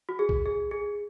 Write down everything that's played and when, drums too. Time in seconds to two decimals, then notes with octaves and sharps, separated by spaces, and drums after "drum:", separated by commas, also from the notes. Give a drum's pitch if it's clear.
0.09 F#4
0.19 G#4
0.29 drum: kick A#1
0.46 G#4
0.71 G#4